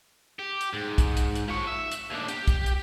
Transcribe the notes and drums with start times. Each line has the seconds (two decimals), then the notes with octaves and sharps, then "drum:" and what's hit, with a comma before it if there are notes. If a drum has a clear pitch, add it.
0.39 G4
0.61 drum: hi-hat
0.73 G#2
0.98 drum: kick, hi-hat
1.17 drum: hi-hat
1.35 drum: hi-hat
1.48 F3 C#5
1.67 E5
1.91 drum: hi-hat
2.10 D#2 D4
2.28 G4, drum: hi-hat
2.48 drum: kick, hi-hat
2.66 drum: hi-hat